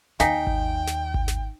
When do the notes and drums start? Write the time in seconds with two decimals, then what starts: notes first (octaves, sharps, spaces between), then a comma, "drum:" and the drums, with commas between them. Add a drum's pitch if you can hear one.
0.20 D#2 D#4 F5 G5 G#5, drum: snare
0.47 drum: kick G#1
0.87 drum: snare
1.14 drum: kick G#1
1.28 drum: snare